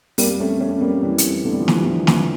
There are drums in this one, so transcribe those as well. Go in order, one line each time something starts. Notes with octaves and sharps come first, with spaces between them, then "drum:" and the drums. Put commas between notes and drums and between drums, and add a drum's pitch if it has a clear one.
F2 G3 A#3, drum: open hi-hat
A3 C#4
F2 A3 C#4
G3 A#3
F2 E3 G3
drum: hi-hat
D3 A3
G3
F3
E3 G3, drum: snare
D3 F3
E3, drum: snare